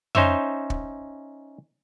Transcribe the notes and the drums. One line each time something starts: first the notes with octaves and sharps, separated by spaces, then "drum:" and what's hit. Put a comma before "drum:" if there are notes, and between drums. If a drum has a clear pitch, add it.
C#4 D#4 C5 C#5 E5, drum: tom F2
drum: kick